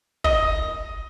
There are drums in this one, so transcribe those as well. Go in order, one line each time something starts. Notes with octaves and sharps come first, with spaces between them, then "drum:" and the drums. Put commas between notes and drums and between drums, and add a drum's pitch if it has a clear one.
D#5, drum: kick